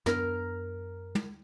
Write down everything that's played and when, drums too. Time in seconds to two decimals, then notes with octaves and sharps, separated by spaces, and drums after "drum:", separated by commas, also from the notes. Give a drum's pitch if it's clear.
0.06 F#2 B3 D4 A#4 F6, drum: snare
1.15 drum: tom